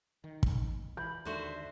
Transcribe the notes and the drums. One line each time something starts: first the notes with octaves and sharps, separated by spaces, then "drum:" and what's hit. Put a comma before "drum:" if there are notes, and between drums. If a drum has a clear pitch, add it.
D#3
drum: kick
E3 B5 G6
D#2 D3 F#4 C5 E5